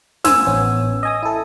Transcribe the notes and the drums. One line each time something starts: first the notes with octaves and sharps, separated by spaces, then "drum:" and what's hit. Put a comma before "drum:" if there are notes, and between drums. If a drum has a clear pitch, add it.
C5 G#5 E6, drum: snare
A1 B3 C#4
D#5 G#5 D#6
E4 A4